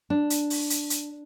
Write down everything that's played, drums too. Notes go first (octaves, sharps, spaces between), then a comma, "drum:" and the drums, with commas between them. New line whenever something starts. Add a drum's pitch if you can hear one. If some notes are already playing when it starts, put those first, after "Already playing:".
D4
drum: hi-hat
drum: open hi-hat
drum: hi-hat
drum: hi-hat